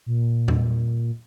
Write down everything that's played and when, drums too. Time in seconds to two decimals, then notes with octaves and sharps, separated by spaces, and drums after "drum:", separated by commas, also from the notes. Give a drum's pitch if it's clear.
0.06 A#2
0.48 drum: tom E2